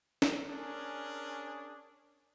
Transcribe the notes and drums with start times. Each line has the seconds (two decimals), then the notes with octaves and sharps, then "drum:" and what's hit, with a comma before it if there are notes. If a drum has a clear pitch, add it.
0.22 drum: snare
0.47 C#4 D4 G#4 A#4